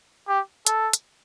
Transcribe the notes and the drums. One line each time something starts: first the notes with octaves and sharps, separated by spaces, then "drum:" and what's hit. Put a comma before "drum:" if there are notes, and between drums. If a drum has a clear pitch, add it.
G4
A4, drum: hi-hat
drum: hi-hat